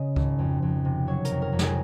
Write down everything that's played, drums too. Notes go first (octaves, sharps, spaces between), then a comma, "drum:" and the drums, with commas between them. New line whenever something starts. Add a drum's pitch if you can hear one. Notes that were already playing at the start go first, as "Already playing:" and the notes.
Already playing: C#3 D#5
G#1, drum: kick C#2
F2
F2
C3
F#3 C#5
A#4, drum: hi-hat
F2
A#4
F2
G#4, drum: snare